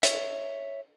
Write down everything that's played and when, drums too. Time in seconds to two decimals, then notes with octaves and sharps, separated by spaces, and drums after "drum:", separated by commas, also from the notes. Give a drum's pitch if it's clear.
0.03 C#5 E5, drum: hi-hat